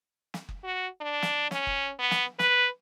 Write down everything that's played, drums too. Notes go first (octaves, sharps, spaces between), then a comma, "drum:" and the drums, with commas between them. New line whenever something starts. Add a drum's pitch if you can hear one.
drum: snare
drum: kick F#1
F#4
D4
drum: snare
C#4, drum: snare
drum: kick F#1
B3
drum: snare
B4, drum: snare